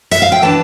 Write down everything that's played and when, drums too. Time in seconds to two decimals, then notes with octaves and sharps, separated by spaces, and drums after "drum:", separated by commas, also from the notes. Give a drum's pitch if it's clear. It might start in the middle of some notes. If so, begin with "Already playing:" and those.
0.11 E5, drum: hi-hat
0.22 F5
0.32 G5
0.42 E3 B3 D4 A5